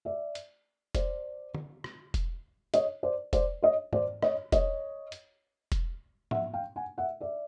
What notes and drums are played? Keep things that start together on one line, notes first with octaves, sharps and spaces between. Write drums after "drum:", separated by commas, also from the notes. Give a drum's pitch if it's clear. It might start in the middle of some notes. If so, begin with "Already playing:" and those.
D5 E5
drum: hi-hat
C5 D5, drum: kick E1, hi-hat
drum: tom D3
drum: rim click
drum: kick E1, hi-hat
C#5 D#5, drum: hi-hat
C5 D5
C5 D5, drum: kick E1, hi-hat
C#5 D#5
C5 D5, drum: tom G#2
C#5 D#5, drum: rim click
C#5 D#5, drum: kick E1, hi-hat
drum: hi-hat
drum: kick E1, hi-hat
E5 F#5, drum: tom
F5 G5
F#5 G#5
E5 F#5
D5 E5